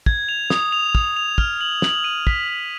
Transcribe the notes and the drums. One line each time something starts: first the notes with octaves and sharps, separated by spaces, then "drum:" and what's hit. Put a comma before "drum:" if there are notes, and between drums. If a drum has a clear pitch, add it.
G#6, drum: kick
F7
D#6, drum: snare
F7
D#6, drum: kick
F7
F6, drum: kick
F#7
F#7, drum: snare
D#7
B6, drum: kick
F#7